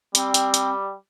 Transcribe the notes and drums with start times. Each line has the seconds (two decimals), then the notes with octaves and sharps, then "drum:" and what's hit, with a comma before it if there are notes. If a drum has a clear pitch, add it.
0.15 G3 C4, drum: hi-hat
0.34 drum: hi-hat
0.54 drum: hi-hat